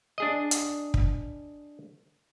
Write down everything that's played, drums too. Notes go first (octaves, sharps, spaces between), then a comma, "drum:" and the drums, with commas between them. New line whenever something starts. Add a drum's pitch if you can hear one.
D4 G#4 D#5
drum: hi-hat
drum: kick